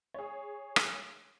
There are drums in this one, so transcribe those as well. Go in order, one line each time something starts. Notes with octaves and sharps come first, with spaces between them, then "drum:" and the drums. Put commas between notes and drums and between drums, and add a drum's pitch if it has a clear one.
G#4 C#5
drum: rim click